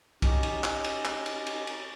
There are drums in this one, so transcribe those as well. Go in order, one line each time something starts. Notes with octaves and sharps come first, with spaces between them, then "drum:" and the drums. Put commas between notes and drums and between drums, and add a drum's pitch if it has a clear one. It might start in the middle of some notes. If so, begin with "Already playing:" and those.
C#4 D#4 G4, drum: kick B1, cymbal
drum: cymbal
drum: clap
drum: cymbal
drum: clap
drum: cymbal
drum: cymbal
drum: cymbal